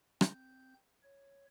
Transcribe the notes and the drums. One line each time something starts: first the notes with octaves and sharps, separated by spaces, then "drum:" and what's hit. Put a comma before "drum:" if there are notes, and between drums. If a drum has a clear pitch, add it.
C4 G6, drum: rim click
C#5